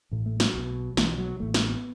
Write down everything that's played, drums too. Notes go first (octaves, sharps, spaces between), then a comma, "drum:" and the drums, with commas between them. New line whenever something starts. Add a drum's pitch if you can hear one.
A1 A2
A3
F#3, drum: snare
B1 B2
B1 B2 E3, drum: snare
F#3
A1 A2 A3
A3, drum: snare
B3